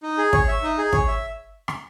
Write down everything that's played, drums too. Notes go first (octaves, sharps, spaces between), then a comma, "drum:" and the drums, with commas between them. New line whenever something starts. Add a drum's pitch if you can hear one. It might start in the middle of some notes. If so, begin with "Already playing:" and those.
D#4
G#4
C#5, drum: kick
E5
D#4
G#4
C#5, drum: kick
E5
drum: rim click